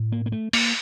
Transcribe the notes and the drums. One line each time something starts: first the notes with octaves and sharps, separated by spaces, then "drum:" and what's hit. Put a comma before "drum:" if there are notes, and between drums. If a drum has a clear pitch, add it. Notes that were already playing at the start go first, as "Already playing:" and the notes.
Already playing: A2
A#3
A#3
A3
A#3, drum: open hi-hat